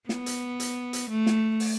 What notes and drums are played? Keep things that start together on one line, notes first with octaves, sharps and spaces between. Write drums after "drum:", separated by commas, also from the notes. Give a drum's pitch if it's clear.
B3, drum: snare
drum: hi-hat
drum: hi-hat
drum: hi-hat
A3
drum: snare
drum: open hi-hat